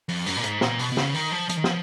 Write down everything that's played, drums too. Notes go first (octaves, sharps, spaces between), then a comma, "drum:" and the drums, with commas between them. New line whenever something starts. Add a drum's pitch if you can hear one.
F2, drum: open hi-hat
F#2, drum: open hi-hat
A#2
G#2, drum: hi-hat
A#2, drum: snare
B2, drum: open hi-hat
B2
C#3, drum: snare
D#3, drum: open hi-hat
F3
F3, drum: hi-hat
D#3
F3, drum: snare